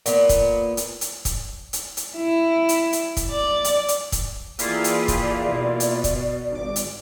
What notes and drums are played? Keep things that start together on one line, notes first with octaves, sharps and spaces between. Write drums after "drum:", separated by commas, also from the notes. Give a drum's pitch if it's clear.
A#2 B3, drum: hi-hat
drum: kick, hi-hat
drum: hi-hat
drum: hi-hat
drum: kick, hi-hat
drum: hi-hat
drum: hi-hat
E4
drum: hi-hat
drum: hi-hat
drum: kick, hi-hat
D5
drum: hi-hat
drum: hi-hat
drum: kick, hi-hat
E3 A#3 E4 F4 G4 G#4 D5, drum: hi-hat
drum: hi-hat
drum: kick, hi-hat
B2
drum: hi-hat
drum: kick, hi-hat
G#1 D6
drum: hi-hat